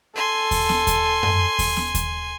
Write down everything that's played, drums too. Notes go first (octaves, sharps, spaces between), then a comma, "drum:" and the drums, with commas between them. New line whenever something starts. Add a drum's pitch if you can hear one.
A4 G#5 C6
drum: kick D#2, open hi-hat
drum: snare B3
drum: kick D#2, hi-hat
drum: tom F#2
drum: kick D#2, open hi-hat
drum: snare B3
drum: kick D#2, hi-hat